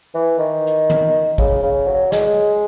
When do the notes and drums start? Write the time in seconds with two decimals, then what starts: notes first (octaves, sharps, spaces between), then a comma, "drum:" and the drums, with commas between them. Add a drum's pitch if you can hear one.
0.15 E3
0.39 D#3
0.67 drum: hi-hat
0.90 drum: tom
1.38 C#3, drum: kick A#1
1.63 C#3
1.87 F#3
2.12 G#3, drum: snare